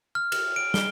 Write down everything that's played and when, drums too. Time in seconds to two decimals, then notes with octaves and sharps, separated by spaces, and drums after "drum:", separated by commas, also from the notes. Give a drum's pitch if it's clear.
0.15 F6
0.32 F6, drum: cymbal
0.56 D7
0.74 G7, drum: snare